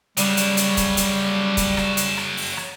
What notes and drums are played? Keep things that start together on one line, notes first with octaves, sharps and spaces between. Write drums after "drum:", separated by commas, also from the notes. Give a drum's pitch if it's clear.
C#3 F#3 G3, drum: hi-hat
drum: hi-hat
drum: hi-hat
drum: kick, hi-hat
drum: hi-hat
drum: kick, hi-hat
drum: rim click
drum: hi-hat
drum: rim click
drum: open hi-hat
drum: rim click